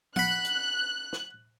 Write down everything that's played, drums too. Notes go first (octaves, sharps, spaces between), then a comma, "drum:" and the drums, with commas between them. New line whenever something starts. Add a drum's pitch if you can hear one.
F#5 B5 F#6, drum: tom F3
drum: hi-hat
drum: snare